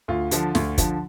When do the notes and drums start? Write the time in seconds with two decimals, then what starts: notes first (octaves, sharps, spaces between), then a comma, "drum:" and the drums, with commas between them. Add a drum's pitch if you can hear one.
0.08 D2 F4
0.31 D3 F3, drum: hi-hat
0.55 D2, drum: snare
0.78 D3 F3, drum: kick, hi-hat